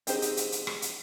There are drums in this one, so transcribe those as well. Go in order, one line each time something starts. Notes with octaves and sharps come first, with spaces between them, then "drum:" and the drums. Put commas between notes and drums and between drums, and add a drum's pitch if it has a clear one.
C4 D#4 G4 G#4 C5, drum: hi-hat
drum: hi-hat
drum: hi-hat
drum: hi-hat
drum: rim click
drum: hi-hat